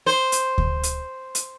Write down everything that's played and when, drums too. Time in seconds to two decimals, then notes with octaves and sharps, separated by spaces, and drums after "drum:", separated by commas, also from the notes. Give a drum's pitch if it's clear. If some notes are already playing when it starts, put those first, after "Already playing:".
0.06 C5
0.32 drum: hi-hat
0.58 drum: kick D2
0.83 drum: hi-hat
1.35 drum: hi-hat